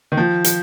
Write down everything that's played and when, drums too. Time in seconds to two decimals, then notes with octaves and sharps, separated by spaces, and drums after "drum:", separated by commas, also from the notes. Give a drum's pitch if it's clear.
0.12 D#3
0.17 F3
0.44 drum: hi-hat